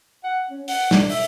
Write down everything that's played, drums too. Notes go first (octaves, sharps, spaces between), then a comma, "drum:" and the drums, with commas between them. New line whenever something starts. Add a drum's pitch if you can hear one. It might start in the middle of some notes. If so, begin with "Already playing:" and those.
F#5
C#4
F#5, drum: open hi-hat
D4, drum: snare
E5, drum: open hi-hat